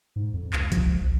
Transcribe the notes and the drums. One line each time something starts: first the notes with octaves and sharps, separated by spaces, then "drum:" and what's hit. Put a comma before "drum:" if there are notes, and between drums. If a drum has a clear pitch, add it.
G#2
F2
C#2, drum: clap
F3, drum: kick, hi-hat
C#2
A#1